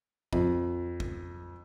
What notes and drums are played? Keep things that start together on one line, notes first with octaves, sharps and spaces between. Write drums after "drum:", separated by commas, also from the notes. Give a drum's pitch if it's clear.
F2, drum: kick
drum: kick